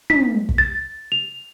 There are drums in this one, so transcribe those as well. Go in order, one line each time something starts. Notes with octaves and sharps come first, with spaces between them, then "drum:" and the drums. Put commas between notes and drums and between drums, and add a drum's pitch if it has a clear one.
B6, drum: tom
drum: kick
A6
F7